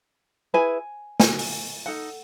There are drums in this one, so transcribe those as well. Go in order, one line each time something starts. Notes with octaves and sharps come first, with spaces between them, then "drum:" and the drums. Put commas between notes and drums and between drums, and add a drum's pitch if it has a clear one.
E4 G#4 B4 G#5
D#4 F#4 G#5, drum: snare
drum: open hi-hat
D#4 A4 F#5